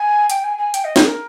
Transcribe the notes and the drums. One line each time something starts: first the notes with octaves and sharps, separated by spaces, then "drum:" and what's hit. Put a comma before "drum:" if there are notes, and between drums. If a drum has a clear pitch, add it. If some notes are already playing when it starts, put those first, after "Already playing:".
Already playing: G#5
G5, drum: hi-hat
G#5
G#5
G5, drum: hi-hat
D#5
G#4, drum: snare
A#4